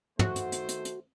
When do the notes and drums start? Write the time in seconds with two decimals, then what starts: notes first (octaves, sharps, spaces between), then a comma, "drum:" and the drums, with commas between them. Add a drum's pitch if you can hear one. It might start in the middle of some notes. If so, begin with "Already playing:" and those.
0.19 D#3 A3 F#4 C5, drum: tom
0.36 drum: hi-hat
0.52 drum: hi-hat
0.69 drum: hi-hat
0.85 drum: hi-hat